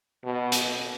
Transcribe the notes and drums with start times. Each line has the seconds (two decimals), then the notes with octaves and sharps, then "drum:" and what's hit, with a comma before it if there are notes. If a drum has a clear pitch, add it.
0.24 B2
0.52 drum: hi-hat